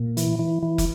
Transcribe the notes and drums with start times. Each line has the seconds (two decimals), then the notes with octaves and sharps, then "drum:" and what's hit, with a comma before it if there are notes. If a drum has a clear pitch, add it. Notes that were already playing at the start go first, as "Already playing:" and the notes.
Already playing: A#2
0.17 E3, drum: hi-hat
0.39 E3
0.63 E3
0.78 drum: kick, hi-hat